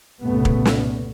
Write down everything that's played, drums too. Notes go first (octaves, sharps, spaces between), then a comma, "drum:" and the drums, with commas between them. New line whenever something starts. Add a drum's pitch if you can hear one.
C2 G2 A#2 C#3 A3 B3
drum: kick
drum: snare